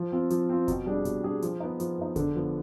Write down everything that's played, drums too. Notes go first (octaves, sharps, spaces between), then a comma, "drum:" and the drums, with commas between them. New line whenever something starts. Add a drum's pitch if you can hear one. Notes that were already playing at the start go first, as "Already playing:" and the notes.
Already playing: F3
C4 F4
F3, drum: hi-hat
C4 F4
B2, drum: kick F1, hi-hat
G3 D4 G#4
B2, drum: hi-hat
G3 D4 G#4
F3, drum: hi-hat
B3 D#4
F3, drum: hi-hat
B3 D#4
D3, drum: kick F1, hi-hat
F3 B3